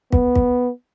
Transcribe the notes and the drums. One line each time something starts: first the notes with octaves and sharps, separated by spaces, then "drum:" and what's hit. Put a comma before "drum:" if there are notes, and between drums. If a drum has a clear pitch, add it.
B3, drum: kick
drum: kick